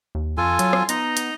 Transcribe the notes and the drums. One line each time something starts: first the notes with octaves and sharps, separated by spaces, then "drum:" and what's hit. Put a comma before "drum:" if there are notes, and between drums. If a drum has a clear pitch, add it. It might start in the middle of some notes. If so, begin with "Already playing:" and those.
D#2
F2 F4 A4 G#5
F#3, drum: hi-hat
drum: rim click
B3 D#4 D#5 A#5, drum: hi-hat
drum: hi-hat